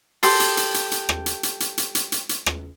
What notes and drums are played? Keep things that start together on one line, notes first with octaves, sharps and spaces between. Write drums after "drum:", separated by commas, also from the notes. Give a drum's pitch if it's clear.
G4 A4 C6, drum: open hi-hat
drum: hi-hat
drum: hi-hat
drum: hi-hat
drum: hi-hat
drum: rim click
drum: hi-hat
drum: hi-hat
drum: hi-hat
drum: hi-hat
drum: hi-hat
drum: hi-hat
drum: hi-hat
drum: rim click